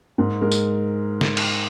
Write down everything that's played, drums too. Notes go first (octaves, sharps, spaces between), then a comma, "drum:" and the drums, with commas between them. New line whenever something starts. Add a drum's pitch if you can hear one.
G#2 A#4
G#3 A#4
drum: tambourine
drum: snare
drum: cymbal